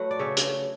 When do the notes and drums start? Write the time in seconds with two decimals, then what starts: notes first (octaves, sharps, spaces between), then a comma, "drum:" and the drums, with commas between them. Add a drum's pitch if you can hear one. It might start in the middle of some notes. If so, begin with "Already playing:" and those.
Already playing: F#3 A3 B4 F#5
0.11 D5
0.19 C#3 C#5 E5
0.37 drum: hi-hat